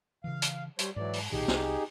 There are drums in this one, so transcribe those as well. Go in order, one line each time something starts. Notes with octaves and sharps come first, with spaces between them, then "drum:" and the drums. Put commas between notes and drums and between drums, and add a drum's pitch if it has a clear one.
C#3 E3 F5
drum: hi-hat
G3 C5 C#5, drum: hi-hat
G#2 E3 F#3 D5
drum: open hi-hat
B1 A#2 D#3 D#4 G4 G#4
C2, drum: snare